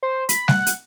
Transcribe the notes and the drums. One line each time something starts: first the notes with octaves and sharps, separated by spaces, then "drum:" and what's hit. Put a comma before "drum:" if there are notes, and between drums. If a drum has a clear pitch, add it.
C5
B5, drum: hi-hat
F#5, drum: snare G3
drum: hi-hat